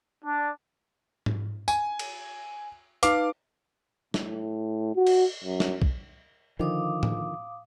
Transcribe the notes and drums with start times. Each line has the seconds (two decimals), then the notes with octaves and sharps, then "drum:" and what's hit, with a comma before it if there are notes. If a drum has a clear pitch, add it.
0.25 D4
1.26 drum: tom G#2
1.68 G#5, drum: tambourine
1.99 drum: cymbal
3.03 D#4 B4 F5 D6, drum: hi-hat
4.14 A2, drum: snare
4.95 F#4
5.07 drum: cymbal
5.44 F#2
5.60 drum: snare
5.82 drum: kick
6.59 D3 D#3 F3 F5 D6 D#6
7.03 drum: tom A2